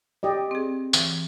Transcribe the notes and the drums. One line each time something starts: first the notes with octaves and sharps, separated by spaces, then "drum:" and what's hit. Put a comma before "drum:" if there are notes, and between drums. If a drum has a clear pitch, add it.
G4 D5 D#5
C4 G#4
E3, drum: tambourine